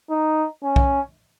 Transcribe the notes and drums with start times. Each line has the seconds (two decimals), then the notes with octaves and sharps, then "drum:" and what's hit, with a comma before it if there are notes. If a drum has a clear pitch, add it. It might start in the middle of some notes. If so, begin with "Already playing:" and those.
0.10 D#4
0.64 C#4
0.76 drum: kick B1